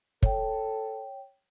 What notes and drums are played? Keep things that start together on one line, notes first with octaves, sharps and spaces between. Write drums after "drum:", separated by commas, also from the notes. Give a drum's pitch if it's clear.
A4 C#5 G5, drum: kick